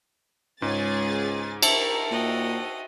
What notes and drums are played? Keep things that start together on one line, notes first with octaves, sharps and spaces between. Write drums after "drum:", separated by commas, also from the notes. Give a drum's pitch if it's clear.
C#2 G#2 C#4 G#4 G#5 A6
D#4 E4 F#4 A#4 C5 E5 A5, drum: cymbal
A#2 F#4 D#5 G5